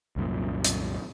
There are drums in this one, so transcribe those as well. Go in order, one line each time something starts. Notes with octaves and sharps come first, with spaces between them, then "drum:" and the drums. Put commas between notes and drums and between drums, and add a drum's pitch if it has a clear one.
C2 F#2 A#2
drum: hi-hat